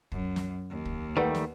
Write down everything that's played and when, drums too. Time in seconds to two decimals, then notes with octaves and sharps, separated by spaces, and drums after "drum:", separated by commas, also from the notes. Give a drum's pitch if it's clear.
0.12 F#2, drum: kick
0.36 drum: snare
0.70 D#2
0.85 drum: kick
1.17 D#3 G3 A3 B4 D5 F#5
1.35 drum: snare